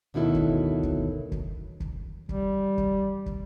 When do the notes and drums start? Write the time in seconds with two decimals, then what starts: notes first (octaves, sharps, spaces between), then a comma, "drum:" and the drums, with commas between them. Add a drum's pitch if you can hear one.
0.14 D2 B2 D#3 F#3 E4 A4
0.34 drum: kick
0.83 drum: kick
1.32 drum: kick
1.80 drum: kick
2.29 G3, drum: kick
2.77 drum: kick
3.26 drum: kick